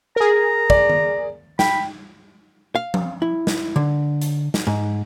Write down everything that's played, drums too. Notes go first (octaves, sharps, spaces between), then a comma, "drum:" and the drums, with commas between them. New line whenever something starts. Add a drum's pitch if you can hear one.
G#4 A#4 A#5
D5, drum: kick
drum: tom D#3
G5 B5, drum: snare
F5
drum: tom F3
E4
drum: snare
D3
drum: hi-hat
drum: snare
G#2